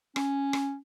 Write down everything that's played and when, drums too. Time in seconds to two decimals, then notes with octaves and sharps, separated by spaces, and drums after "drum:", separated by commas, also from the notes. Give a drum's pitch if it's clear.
0.16 C#4, drum: rim click
0.53 drum: rim click